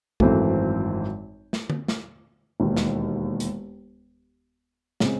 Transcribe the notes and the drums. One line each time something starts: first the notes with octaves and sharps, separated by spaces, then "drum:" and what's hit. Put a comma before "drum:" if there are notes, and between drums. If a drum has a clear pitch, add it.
G#1 F#2 E3 A3 C4, drum: kick B1
drum: snare
drum: tom D3
drum: snare
E1 D#2 D#3
drum: snare
drum: hi-hat
C#3 G#3 C4, drum: snare